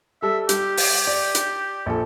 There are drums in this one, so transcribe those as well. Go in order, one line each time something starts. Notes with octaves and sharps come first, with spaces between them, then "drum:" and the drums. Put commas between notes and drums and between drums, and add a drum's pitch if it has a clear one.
G3 A4 E5
G3 G4, drum: hi-hat
drum: open hi-hat
D5
drum: hi-hat
A#1 A4